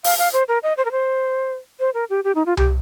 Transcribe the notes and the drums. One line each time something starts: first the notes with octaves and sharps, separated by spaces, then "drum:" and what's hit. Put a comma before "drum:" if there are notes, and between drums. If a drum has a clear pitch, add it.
F5, drum: open hi-hat
F5
C5
A#4
D#5
C5
A#4
C5
C5
A#4
G4
G4
D#4
F4
G4, drum: tom C2